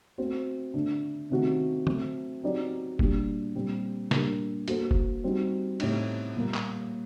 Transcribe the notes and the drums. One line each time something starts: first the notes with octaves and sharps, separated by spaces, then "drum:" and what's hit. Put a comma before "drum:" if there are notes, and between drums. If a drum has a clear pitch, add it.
A3 C4 F#4 C5
D3 A3 D4
C3 D#3 A3 C4 F#4
F#3 A3 C4, drum: tom
F#3 C4 D#4 G4 D5
A#2 G3 D4 G4, drum: kick F1
A#2 G3 C4
A#2 G3 D4 G4 A#4, drum: snare
A#3 F#4 A4 C5, drum: hi-hat
drum: kick F1
G3 C4 D#4 F#4
A2 A3 C4 D#4 G4, drum: cymbal
A#2 G3 A#3
drum: clap